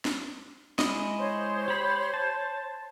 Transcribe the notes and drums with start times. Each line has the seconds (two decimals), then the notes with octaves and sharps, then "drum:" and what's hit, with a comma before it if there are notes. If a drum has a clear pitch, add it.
0.05 drum: snare
0.79 G#3 E4 D#5, drum: snare
1.19 C5 C#5
1.68 G4 B5
2.14 A5